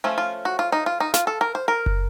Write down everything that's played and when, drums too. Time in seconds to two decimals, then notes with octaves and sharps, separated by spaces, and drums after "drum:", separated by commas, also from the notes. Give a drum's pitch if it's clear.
0.04 F3 A3 C#4 F4
0.18 F4
0.45 F#4
0.59 F4
0.72 D#4
0.86 F4
1.00 D#4
1.14 F4, drum: snare
1.27 A4
1.41 A#4
1.55 C5
1.68 A#4
1.86 drum: kick F#1